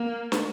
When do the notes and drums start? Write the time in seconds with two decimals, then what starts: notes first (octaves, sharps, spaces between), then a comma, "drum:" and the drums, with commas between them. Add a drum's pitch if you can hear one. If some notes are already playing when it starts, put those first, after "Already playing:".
Already playing: A#3
0.32 drum: snare